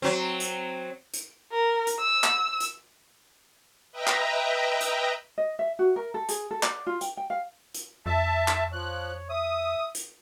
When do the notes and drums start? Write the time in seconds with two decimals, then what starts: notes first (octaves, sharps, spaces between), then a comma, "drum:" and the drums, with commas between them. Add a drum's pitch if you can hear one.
0.02 F#3 C4
0.40 drum: hi-hat
1.14 drum: hi-hat
1.52 A#4
1.87 drum: hi-hat
1.99 E6
2.24 drum: clap
2.60 drum: hi-hat
3.92 B4 D#5 E5 G5 A#5
4.07 drum: clap
4.81 drum: hi-hat
5.38 D#5
5.59 E5
5.79 F#4
5.96 A#4
6.14 A4
6.29 G#4, drum: hi-hat
6.51 A4
6.63 D5, drum: clap
6.87 F4
7.01 G5, drum: hi-hat
7.17 G5
7.30 F5
7.74 drum: hi-hat
8.06 F2 E5 A5
8.48 drum: clap
8.73 F3 C#5 F#6
9.30 E5 D#6
9.95 drum: hi-hat